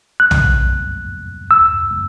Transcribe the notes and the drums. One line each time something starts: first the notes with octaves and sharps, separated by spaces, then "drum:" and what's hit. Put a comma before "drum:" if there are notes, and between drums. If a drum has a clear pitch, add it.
F#6
drum: tom
E6